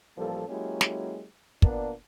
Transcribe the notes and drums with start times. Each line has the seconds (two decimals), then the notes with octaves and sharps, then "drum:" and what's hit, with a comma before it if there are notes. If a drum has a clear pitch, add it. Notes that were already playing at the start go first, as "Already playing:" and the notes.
0.17 A1 F3 G3 A#3 A4
0.48 F#3 G#3 A#3 C#4 E4 G4
0.81 drum: snare
1.62 A#2 A#3 B3 D4, drum: kick